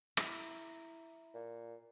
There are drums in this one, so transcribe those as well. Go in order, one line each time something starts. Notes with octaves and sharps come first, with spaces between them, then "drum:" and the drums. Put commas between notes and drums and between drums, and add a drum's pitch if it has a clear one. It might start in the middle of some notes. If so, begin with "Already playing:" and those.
E4 A#5, drum: rim click
A#2